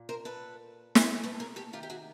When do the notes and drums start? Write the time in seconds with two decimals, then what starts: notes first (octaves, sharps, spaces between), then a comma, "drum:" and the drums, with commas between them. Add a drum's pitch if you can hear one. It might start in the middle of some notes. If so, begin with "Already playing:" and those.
Already playing: A#2
0.09 A#4 C5
0.25 A4 B4
0.95 drum: snare
1.24 A4 B4
1.40 G#4 A#4
1.56 G4 A4
1.73 C3 D#3 F4 G4
1.83 G4
1.90 F#4 G#4